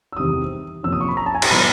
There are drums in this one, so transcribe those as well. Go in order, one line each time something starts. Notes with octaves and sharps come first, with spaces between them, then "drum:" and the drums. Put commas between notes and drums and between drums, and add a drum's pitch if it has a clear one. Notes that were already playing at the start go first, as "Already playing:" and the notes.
E6
E2 C3 D#3 G3 D#6
F2 C3 F3 A#3 C#4 E6
D#6
C#6
B5
A#5
A5
G#5
A#5, drum: cymbal
B2 F#3 B3 B5